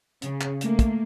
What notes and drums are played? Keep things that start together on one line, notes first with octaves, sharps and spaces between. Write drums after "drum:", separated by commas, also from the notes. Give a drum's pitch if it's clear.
C#3, drum: hi-hat
drum: clap
A3 A#3, drum: hi-hat
drum: kick, hi-hat